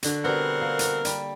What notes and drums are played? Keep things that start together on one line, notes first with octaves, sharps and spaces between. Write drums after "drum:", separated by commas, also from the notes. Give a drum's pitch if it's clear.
D3 F#4, drum: hi-hat
B2 G3 B3 C4 A#4 F#5 A#5
A#3
drum: hi-hat
G3, drum: hi-hat